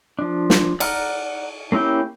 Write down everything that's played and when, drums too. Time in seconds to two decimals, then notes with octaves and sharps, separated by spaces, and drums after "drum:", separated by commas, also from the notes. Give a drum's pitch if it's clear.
0.19 F3 D4
0.50 drum: snare
0.80 D5 F#5 A#5 F6, drum: cymbal
1.72 A#3 C#4 E4 G4 G5